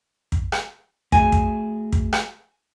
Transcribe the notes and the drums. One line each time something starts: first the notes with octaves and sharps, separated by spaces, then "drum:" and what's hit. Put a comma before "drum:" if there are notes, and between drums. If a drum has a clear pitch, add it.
drum: kick
drum: rim click
A3 F#4 G#4 G#5, drum: kick
drum: kick
drum: kick
drum: rim click